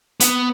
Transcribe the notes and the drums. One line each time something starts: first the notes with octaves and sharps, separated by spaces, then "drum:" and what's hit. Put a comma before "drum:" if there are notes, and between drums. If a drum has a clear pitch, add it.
B3, drum: hi-hat